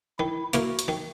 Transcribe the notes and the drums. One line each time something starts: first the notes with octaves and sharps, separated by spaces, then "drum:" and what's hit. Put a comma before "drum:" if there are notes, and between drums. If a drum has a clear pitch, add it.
D#3 E4
A#3 E4 F#4 A#4, drum: hi-hat
drum: hi-hat
D#3